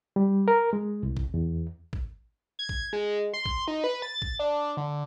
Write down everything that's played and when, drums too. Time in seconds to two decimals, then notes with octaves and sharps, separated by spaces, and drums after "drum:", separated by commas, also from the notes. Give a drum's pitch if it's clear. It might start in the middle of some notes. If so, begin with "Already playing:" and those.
0.16 G3
0.48 A#4
0.73 G#3
1.03 C2
1.17 drum: kick A1
1.34 E2
1.93 drum: kick A1
2.59 G#6
2.69 drum: kick A1
2.93 G#3
3.34 C6
3.46 drum: kick A1
3.68 D#4
3.84 B4
4.02 A6
4.22 drum: kick A1
4.39 D4
4.77 D3